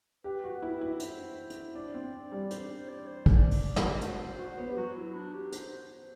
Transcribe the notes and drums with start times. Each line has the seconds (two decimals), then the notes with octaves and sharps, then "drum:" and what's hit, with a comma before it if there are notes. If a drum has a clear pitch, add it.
0.24 G4 B4
0.44 F#4
0.62 E4
0.81 E4
1.00 C5, drum: hi-hat
1.50 drum: hi-hat
1.75 D4 D5
1.94 C4
2.32 G3
2.51 D4 C5, drum: hi-hat
2.70 C5
2.88 D5
3.07 C5
3.26 D5, drum: kick
3.51 drum: open hi-hat
3.76 drum: snare
4.01 F#4 C5, drum: hi-hat
4.39 F#4
4.58 B3
4.70 G4
4.77 F#3 F#4
4.96 E4
5.14 D4
5.33 G4
5.52 C5, drum: hi-hat